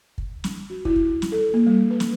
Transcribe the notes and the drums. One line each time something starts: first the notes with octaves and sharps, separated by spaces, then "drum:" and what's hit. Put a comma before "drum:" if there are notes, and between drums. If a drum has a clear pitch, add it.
drum: kick
drum: snare
F#4
E4, drum: kick
drum: kick
drum: snare
A4
A#3
G3
B4
drum: snare